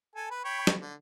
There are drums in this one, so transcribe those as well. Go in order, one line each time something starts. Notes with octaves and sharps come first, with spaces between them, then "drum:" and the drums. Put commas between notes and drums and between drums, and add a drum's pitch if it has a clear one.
A4 G#5
B4
C#5 G5 B5
drum: snare
D3